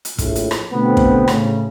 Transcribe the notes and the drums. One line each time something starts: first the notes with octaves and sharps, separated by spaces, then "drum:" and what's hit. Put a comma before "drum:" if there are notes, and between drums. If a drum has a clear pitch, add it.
drum: hi-hat
A#1 A2, drum: kick, hi-hat
drum: hi-hat
drum: rim click
B2 D3 A3 B3 C4
drum: kick
A2 C#3, drum: rim click